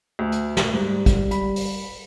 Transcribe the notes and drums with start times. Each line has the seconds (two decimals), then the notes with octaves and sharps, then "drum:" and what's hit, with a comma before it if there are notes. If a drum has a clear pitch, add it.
0.19 D2
0.32 drum: hi-hat
0.57 drum: snare
0.73 G#2 G3
1.06 drum: kick, hi-hat
1.31 B5, drum: hi-hat
1.56 drum: open hi-hat